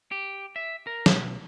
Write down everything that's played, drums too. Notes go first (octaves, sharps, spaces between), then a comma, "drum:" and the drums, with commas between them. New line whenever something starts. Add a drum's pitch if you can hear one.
G4
E5
A#4
B1, drum: snare